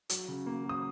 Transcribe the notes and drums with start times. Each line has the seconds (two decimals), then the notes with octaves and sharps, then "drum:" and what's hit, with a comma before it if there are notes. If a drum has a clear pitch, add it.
0.09 F#3, drum: hi-hat
0.28 C#3
0.46 A#3
0.64 F#3
0.69 D#6